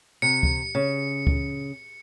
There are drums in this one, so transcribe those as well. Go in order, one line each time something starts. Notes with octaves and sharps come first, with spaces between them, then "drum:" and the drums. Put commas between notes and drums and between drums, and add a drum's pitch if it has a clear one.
C3 C#7
drum: kick C#2
C#3
drum: kick C#2